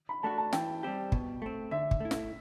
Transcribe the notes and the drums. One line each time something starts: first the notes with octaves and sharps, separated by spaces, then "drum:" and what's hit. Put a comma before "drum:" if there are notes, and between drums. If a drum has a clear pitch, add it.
B5
A3 D4 F#4 A5
A5
E3 G5, drum: snare
G3 C4 G4
B2, drum: kick
A3 C4
D3 E5
drum: kick
A3 E4
drum: snare